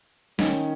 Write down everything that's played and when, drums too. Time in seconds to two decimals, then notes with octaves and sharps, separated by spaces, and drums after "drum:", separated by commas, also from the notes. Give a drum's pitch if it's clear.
0.39 D#3 C#4, drum: snare